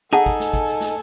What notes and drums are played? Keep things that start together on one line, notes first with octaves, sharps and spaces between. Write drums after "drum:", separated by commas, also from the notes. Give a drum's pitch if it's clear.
D#4 G#4 A4 F#5 G#5 A5 D#6, drum: hi-hat
drum: kick, hi-hat
drum: snare
drum: kick, hi-hat
drum: open hi-hat
drum: snare